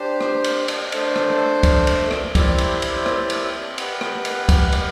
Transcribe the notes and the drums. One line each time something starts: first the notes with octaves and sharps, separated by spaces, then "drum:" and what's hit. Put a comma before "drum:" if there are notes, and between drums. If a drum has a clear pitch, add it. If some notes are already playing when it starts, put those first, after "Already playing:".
Already playing: D4 G4 C5
drum: rim click
drum: cymbal
drum: cymbal
A3 D4 A4 C5, drum: cymbal
drum: rim click
drum: kick, cymbal
drum: cymbal
drum: rim click
C4 E4 G4 D5, drum: kick, cymbal
drum: cymbal
drum: cymbal
drum: rim click
drum: cymbal
G4 B4 F#5, drum: cymbal
drum: rim click
drum: cymbal
drum: kick, cymbal
drum: cymbal